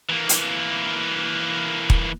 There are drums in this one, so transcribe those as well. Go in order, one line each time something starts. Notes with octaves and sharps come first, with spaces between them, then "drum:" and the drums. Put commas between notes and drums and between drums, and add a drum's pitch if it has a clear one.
E3 A#3
drum: hi-hat
drum: kick